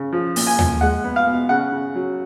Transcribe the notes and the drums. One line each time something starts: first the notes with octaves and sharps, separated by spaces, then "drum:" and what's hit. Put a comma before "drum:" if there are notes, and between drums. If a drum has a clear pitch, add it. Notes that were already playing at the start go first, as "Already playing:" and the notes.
Already playing: C#3
F3
A#2, drum: open hi-hat
G#5
F3, drum: tom D#2
G#3 F#5
B3
F5
B2
C#3 F#5
C#3
F#3